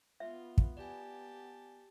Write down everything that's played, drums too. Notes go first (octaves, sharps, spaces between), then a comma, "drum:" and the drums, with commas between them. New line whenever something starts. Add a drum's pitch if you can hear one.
B3 F4 E5
drum: kick
G4 D5 G#5 A5